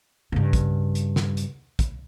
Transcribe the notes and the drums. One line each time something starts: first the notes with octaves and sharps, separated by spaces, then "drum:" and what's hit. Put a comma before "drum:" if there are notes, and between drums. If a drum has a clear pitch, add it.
G2 C#3
drum: kick, hi-hat
drum: hi-hat
drum: snare
drum: hi-hat
drum: kick, hi-hat